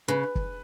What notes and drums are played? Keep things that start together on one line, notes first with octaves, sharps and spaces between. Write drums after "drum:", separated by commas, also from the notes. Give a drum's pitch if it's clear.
C#3 B4
drum: kick